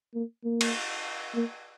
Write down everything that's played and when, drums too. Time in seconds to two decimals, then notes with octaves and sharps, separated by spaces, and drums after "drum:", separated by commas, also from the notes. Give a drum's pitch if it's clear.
0.14 A#3
0.44 A#3
0.61 drum: cymbal
1.34 A#3